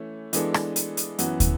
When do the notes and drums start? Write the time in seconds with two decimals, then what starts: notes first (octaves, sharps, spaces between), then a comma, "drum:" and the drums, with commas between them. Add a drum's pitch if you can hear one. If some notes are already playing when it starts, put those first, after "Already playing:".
Already playing: E3 A3 C#4
0.33 E3 G#3 B3 D4 A4, drum: hi-hat
0.54 drum: rim click
0.76 drum: hi-hat
0.97 drum: hi-hat
1.19 F#2 E3 B3 F#4, drum: hi-hat
1.40 drum: kick, hi-hat